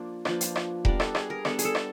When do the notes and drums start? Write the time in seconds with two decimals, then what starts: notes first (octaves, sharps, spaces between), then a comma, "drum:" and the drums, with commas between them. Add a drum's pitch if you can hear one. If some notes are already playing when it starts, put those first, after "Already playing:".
Already playing: F3 A#3 D4
0.25 F3 A#3 D4 B4, drum: rim click
0.41 drum: hi-hat
0.56 drum: rim click
0.85 G3 B3 D4 A#4, drum: kick E1
1.00 A4, drum: rim click
1.15 G#4, drum: rim click
1.30 A#4
1.45 G3 B3 D4 A4, drum: rim click
1.59 G#4, drum: hi-hat
1.65 A4
1.75 drum: rim click